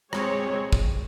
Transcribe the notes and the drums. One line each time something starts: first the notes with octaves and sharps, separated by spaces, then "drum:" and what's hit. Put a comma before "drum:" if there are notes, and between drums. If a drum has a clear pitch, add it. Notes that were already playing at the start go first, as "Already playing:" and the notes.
G#3 C4 G4 C#5, drum: rim click
drum: kick